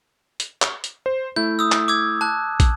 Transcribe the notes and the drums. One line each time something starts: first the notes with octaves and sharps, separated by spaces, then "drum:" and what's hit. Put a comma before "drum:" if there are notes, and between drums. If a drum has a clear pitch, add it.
drum: hi-hat
drum: clap
drum: hi-hat
C5
A3 E4 G6
D#6 E6
drum: clap
D6 E6 G#6
A5 F#6
drum: kick, hi-hat